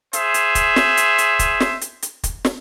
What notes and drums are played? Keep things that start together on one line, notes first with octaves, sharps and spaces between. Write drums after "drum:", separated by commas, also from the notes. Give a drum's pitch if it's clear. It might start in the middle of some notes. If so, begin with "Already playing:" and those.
G#4 C5 E5, drum: hi-hat
drum: hi-hat
drum: kick, hi-hat
drum: snare
drum: hi-hat
drum: hi-hat
drum: kick, hi-hat
drum: snare
drum: hi-hat
drum: hi-hat
drum: kick, hi-hat
drum: snare